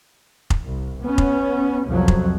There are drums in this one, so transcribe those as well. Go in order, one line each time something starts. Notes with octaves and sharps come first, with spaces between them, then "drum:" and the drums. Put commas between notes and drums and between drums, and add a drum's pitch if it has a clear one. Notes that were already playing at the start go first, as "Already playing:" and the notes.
drum: kick F1
C2
B3 C#4
drum: kick F1
C2 F2 F3 F#3
drum: kick F1